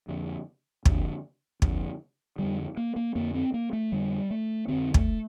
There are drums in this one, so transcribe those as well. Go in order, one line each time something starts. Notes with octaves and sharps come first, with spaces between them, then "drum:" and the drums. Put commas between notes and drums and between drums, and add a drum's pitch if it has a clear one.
F2 D3
F2 D3, drum: kick
F2 D3, drum: kick
F2 D3 G3
A#3
A#3
F2 D3 A#3
C4
A#3
A3
F2 D3 G3
A3
F2 D3 C4
A3, drum: kick